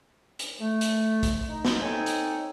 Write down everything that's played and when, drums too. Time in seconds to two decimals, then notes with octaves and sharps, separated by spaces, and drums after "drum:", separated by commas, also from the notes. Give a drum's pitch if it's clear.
0.39 drum: hi-hat
0.60 A3
0.81 drum: hi-hat
1.23 drum: kick, hi-hat
1.47 D#4
1.65 drum: snare
1.82 C4 D#4 A4 C#5 G5 G#5
2.06 drum: hi-hat